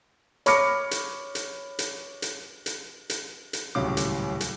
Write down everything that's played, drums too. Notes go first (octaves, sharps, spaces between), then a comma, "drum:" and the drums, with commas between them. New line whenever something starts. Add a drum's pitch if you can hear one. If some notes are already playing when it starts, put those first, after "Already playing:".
C#5 B5 D6 F6 A#6 C#7, drum: hi-hat
drum: hi-hat
drum: hi-hat
drum: hi-hat
drum: hi-hat
drum: hi-hat
drum: hi-hat
drum: hi-hat
D#1 C#2 A2 F#3 F5 D6
drum: hi-hat
drum: hi-hat